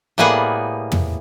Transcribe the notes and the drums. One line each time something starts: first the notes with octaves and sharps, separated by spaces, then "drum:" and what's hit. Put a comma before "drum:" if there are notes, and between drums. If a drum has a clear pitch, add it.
A2 G3 A#3 B3 G#4 F#5
drum: tom